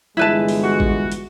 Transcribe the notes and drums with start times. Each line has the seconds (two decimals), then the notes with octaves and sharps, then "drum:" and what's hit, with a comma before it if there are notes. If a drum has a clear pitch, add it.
0.17 G1 E3 G#3 E4 B4 A5
0.48 drum: open hi-hat
0.63 F#4
0.80 drum: kick
1.12 drum: hi-hat